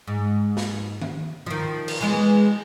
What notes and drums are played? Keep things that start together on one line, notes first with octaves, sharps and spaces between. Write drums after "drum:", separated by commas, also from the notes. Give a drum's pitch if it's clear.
G#2
drum: snare
drum: tom D#3
D#3 F3
drum: cymbal
E3 G#3 B3